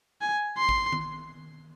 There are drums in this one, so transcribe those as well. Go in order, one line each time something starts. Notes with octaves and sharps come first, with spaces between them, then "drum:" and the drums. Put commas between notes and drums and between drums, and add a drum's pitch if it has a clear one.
G#5
C6
drum: kick G#1
drum: tom D#3